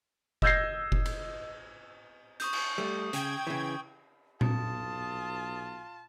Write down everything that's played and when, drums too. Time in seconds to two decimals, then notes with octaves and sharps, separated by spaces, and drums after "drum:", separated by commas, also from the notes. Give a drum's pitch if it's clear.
0.42 D#5 E6 G6 G#6 A#6 C7, drum: kick F1
0.92 drum: kick F1
1.06 drum: cymbal
2.40 C#6 D#6 G6, drum: hi-hat
2.53 drum: cymbal
2.78 G3 A3
3.13 C#3 G5 G#6, drum: hi-hat
3.47 C#3 E3
4.41 B1 F4 A5 D#6, drum: tom A#2